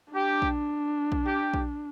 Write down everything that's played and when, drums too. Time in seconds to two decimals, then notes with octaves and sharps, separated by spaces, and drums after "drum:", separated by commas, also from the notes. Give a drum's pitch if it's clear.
0.14 D4 G4
0.42 drum: kick A#1
1.12 drum: kick A#1
1.26 G4
1.54 drum: kick A#1